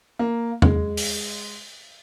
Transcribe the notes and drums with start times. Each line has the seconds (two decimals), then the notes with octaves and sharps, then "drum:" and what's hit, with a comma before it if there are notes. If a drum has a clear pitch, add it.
0.19 A#3
0.62 G#3, drum: tom E2
0.97 drum: open hi-hat